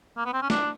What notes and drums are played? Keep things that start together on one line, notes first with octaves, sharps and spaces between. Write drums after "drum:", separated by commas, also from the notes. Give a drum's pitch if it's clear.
A#3
B3
C4
C#4
D4, drum: snare